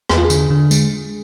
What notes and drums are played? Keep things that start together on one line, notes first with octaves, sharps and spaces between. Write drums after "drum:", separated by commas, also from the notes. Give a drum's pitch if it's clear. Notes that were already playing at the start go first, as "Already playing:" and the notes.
E2 G#4, drum: rim click
F4
G#4
D3, drum: tambourine
D3
G#3, drum: tambourine